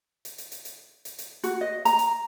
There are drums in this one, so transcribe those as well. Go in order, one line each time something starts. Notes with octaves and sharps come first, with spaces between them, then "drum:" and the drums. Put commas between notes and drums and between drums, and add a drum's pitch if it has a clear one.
drum: hi-hat
drum: hi-hat
drum: hi-hat
drum: hi-hat
drum: hi-hat
drum: hi-hat
F#4, drum: hi-hat
D#5
A#5, drum: hi-hat
drum: hi-hat